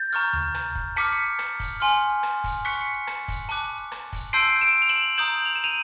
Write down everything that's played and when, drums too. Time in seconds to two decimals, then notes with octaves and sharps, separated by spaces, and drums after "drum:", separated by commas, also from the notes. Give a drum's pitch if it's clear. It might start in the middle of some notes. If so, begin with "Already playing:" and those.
Already playing: G6 A6
0.13 A#5 C#6 F6, drum: hi-hat
0.33 drum: tom D2
0.54 drum: rim click
0.75 drum: kick
0.96 A5 D6 F6 B6 C#7, drum: hi-hat
1.39 drum: rim click
1.60 drum: kick, hi-hat
1.80 G#5 C6 F6, drum: hi-hat
2.23 drum: rim click
2.44 drum: kick, hi-hat
2.65 C#6 F#6 B6 C#7, drum: hi-hat
3.07 drum: rim click
3.28 drum: kick, hi-hat
3.49 A5 D6 F#6, drum: hi-hat
3.92 drum: rim click
4.13 drum: kick, hi-hat
4.33 A5 C6 E6 G6 C7 D7, drum: hi-hat
4.61 D7 E7
4.82 F7
4.89 E7 F#7
5.18 A#5 D#6 G6 E7 F#7, drum: hi-hat
5.46 F7
5.56 E7
5.64 D#7 F7